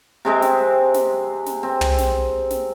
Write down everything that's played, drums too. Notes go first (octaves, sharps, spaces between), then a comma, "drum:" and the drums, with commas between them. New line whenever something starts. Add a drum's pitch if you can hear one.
C3 G#3 C4
drum: snare
drum: snare
drum: snare
C4
drum: tom
drum: snare
drum: snare